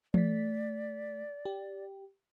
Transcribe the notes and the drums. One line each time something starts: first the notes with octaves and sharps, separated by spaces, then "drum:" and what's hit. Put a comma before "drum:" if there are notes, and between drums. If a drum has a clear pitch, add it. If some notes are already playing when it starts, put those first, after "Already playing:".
A3 D5 B6, drum: tom E3
G4